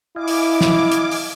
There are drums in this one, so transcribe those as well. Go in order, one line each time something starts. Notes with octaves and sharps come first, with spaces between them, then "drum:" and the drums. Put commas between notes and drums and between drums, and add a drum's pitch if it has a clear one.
E4 D#5 F5 G#5 D6
drum: open hi-hat
drum: snare
drum: hi-hat
drum: open hi-hat